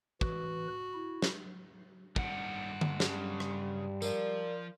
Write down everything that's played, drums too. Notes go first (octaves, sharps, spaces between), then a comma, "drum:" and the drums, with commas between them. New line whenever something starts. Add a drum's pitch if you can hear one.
E3 F#4 B4, drum: kick
E4
drum: snare
G2 D#3 G3 F#5, drum: kick
drum: tom D3
C#3 G3, drum: snare
drum: rim click
F3 A#4 D5 F5, drum: tambourine